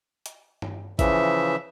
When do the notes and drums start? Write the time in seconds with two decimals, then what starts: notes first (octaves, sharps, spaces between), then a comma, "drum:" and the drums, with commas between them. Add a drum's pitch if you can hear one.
0.26 drum: hi-hat
0.62 drum: tom G2
0.99 C#3 E3 F3 E5, drum: kick, hi-hat